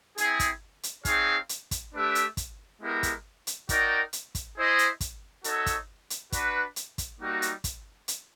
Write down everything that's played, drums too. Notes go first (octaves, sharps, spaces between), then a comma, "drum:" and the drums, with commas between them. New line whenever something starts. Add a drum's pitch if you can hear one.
C4 E4 G#4, drum: hi-hat
drum: kick, hi-hat
drum: hi-hat
C4 D#4 G#4 C#5 F5, drum: kick, hi-hat
drum: hi-hat
drum: kick, hi-hat
A3 D4 G4 B4 E5
drum: hi-hat
drum: kick, hi-hat
G#3 B3 E4 G4 A#4
drum: kick, hi-hat
drum: hi-hat
D#4 F#4 A#4 D5 G5, drum: kick, hi-hat
drum: hi-hat
drum: kick, hi-hat
E4 G#4 C5 D#5
drum: hi-hat
drum: kick, hi-hat
D#4 F#4 A4 C#5 E5, drum: hi-hat
drum: kick, hi-hat
drum: hi-hat
D4 F#4 B4, drum: kick, hi-hat
drum: hi-hat
drum: kick, hi-hat
G3 A#3 D#4 F#4
drum: hi-hat
drum: kick, hi-hat
drum: hi-hat